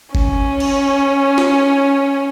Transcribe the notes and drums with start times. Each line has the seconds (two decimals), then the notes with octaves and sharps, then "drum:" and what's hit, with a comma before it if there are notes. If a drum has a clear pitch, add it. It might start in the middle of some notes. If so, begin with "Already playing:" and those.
0.15 C#4, drum: kick
0.60 drum: cymbal
1.38 drum: snare